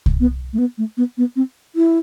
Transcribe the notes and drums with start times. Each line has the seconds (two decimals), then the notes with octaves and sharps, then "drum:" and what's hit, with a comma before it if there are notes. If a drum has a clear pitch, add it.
0.06 drum: kick C2
0.20 B3
0.53 A3
0.58 B3
0.78 A3
0.97 B3
1.18 B3
1.36 C4
1.76 E4